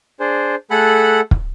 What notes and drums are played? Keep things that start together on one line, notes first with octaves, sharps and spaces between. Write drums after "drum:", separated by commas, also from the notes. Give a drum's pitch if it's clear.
D4 G#4 C5
A3 G#4 A4 F#5 B5 F#6
drum: kick